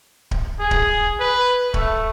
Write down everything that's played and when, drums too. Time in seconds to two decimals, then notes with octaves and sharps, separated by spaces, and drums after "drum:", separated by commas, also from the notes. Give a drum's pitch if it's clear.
0.31 drum: kick D1
0.60 G#4
0.71 drum: kick D1
1.20 B4
1.74 A3, drum: kick D1